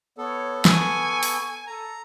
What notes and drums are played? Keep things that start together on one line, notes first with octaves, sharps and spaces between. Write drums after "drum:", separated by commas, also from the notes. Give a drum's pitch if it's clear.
B3 A4 C#5
G#5 C#6, drum: snare
drum: open hi-hat
A4 A#5